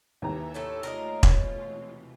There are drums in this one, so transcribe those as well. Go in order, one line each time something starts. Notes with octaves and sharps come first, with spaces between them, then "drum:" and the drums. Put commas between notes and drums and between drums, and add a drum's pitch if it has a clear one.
D#2 E3 A4 E5 A#5
A2 A3 C#4 A4 D6
G#3 A3 F4 A#4 B4 D#5
B2, drum: kick E1
C3 E3